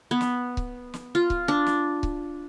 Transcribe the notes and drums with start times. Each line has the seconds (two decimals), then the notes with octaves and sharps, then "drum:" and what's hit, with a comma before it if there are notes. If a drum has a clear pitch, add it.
0.11 B3
0.21 drum: snare
0.57 drum: kick C#1
0.94 drum: snare
1.15 F4
1.30 drum: kick C#1
1.48 D4
1.66 drum: snare
2.03 drum: kick C#1